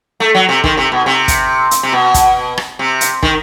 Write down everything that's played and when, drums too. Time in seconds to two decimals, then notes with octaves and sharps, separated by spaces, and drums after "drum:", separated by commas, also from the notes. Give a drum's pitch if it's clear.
0.20 A3
0.35 F#3
0.49 C3
0.64 D#3, drum: kick
0.77 C3
0.92 B2
1.06 C3
1.28 drum: kick, hi-hat
1.71 drum: hi-hat
1.83 C3
1.92 B2
2.14 drum: kick, hi-hat
2.58 drum: rim click
2.79 C3
3.01 drum: hi-hat
3.23 D#3, drum: kick